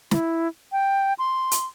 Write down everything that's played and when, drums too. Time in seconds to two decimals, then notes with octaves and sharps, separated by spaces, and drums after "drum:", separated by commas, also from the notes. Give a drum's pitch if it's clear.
0.11 E4, drum: snare
0.72 G5
1.19 C6
1.51 drum: hi-hat